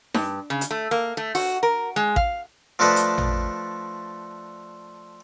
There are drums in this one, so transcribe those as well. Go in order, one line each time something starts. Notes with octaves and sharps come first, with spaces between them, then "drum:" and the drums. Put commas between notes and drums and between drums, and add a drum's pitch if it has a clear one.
G2, drum: snare D#4
C#3
drum: hi-hat
A3
A#3
A3
F#4, drum: open hi-hat
A#4
G#3
F5, drum: kick A1
F3 A3 D4 A4 B4 D#5
drum: hi-hat
drum: tom